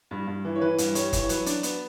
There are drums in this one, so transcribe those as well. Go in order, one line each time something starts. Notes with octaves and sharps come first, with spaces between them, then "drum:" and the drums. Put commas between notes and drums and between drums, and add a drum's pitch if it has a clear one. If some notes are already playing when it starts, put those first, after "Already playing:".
G2
G2
E3
C#5
E3 B4
G2, drum: hi-hat
G3 C#5, drum: hi-hat
E3, drum: kick F#1, hi-hat
C#5
F#3 B4, drum: hi-hat
D4, drum: hi-hat
B3, drum: hi-hat